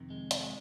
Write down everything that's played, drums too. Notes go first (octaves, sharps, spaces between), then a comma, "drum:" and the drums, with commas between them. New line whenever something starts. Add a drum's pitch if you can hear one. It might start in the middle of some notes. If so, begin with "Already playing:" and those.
Already playing: F2 C3 D#3
G#3
drum: hi-hat
G#3